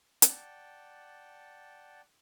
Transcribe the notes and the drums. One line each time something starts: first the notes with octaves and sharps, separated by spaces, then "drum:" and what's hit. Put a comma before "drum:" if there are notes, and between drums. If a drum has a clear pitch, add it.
D5 F#5 G5 A5, drum: hi-hat